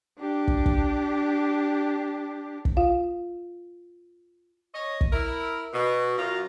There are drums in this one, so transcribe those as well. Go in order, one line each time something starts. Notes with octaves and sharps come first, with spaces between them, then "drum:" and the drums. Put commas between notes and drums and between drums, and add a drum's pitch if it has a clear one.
D4 G4
drum: kick
drum: kick
drum: kick
F4 F5
C#5 D#5
drum: kick
E4 A#4
B2
F#2 F4 A#5